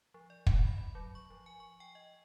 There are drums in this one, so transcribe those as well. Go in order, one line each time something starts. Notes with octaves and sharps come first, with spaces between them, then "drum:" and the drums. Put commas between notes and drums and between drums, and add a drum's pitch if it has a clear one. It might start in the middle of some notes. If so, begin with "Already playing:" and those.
F3
D5
B5, drum: kick
B5
F#3
C#6
F3
G#5
C#6
G5
D#5